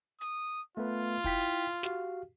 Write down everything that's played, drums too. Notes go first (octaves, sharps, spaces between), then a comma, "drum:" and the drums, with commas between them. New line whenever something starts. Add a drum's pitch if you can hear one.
D#6, drum: hi-hat
A3 B3 F4 B4
E4 G5 B6, drum: kick
drum: open hi-hat
F#4 G4 F5, drum: snare